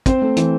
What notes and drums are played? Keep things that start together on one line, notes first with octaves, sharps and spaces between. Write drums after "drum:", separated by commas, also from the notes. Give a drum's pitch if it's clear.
C4 C5, drum: kick, hi-hat
A3
E3, drum: hi-hat